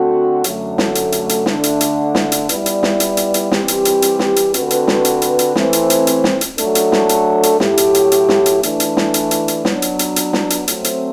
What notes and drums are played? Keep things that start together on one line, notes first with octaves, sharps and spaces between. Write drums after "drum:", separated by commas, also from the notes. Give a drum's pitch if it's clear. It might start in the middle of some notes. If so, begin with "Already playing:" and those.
Already playing: D3 A3 C4 F#4
F#2 D3 F#3 A3, drum: hi-hat
drum: snare
drum: hi-hat
drum: hi-hat
drum: hi-hat
D3 A3 D4, drum: snare
drum: hi-hat
drum: hi-hat
drum: snare
drum: hi-hat
G3 B3 E4 B4 D5, drum: hi-hat
drum: hi-hat
drum: snare
drum: hi-hat
drum: hi-hat
drum: hi-hat
E3 G3 C4 G4, drum: snare
drum: hi-hat
drum: hi-hat
drum: hi-hat
drum: snare
drum: hi-hat
D3 A3 C4 F#4 B4, drum: hi-hat
drum: hi-hat
drum: snare
drum: hi-hat
drum: hi-hat
drum: hi-hat
E3 A3 C4, drum: snare
drum: hi-hat
drum: hi-hat
drum: hi-hat
drum: snare
drum: hi-hat
F#3 A3 D4 A4, drum: hi-hat
drum: hi-hat
drum: snare
drum: hi-hat
drum: hi-hat
A2 F#3 A3 E4 G4, drum: snare
drum: hi-hat
drum: hi-hat
drum: hi-hat
drum: snare
drum: hi-hat
E3 A3 D4, drum: hi-hat
drum: hi-hat
drum: snare
drum: hi-hat
drum: hi-hat
drum: hi-hat
F#3 B3 D4, drum: snare
drum: hi-hat
drum: hi-hat
drum: hi-hat
drum: snare
drum: hi-hat
F#3 A3 C4, drum: hi-hat
drum: hi-hat